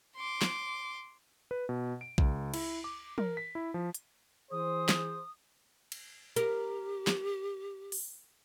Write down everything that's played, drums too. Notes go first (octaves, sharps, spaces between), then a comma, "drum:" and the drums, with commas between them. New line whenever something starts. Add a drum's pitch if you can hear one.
C6 D6
drum: snare
B4
B2
D7
C#2, drum: kick B1
E4, drum: cymbal
D6
A#4, drum: tom
B6
E4
F3
drum: hi-hat
E3 G#4 C5 D#6
drum: snare
drum: cymbal
G4 A#4, drum: hi-hat
drum: snare
drum: open hi-hat